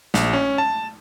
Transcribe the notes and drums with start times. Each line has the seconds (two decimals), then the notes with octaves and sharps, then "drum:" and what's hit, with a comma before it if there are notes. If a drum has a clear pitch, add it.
0.14 A#1, drum: snare
0.33 C#4
0.58 A5